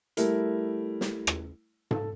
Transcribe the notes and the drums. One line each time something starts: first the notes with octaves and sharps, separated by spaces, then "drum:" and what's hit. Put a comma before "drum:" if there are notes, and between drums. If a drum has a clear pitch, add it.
G3 A3 E4 A#4, drum: hi-hat
drum: snare
drum: rim click
A4, drum: tom G#2